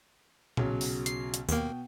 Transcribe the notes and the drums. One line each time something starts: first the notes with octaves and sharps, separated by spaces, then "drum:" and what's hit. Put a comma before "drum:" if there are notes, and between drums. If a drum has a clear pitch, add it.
B1 C#3 F#3, drum: tom A#2
drum: open hi-hat
C7, drum: hi-hat
drum: hi-hat
D#2 B2 A#3 G5, drum: tambourine